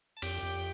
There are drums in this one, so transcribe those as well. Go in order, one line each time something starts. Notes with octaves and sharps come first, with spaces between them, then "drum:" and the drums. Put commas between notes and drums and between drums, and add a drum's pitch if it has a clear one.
A5
F2 G4 G5, drum: cymbal
F2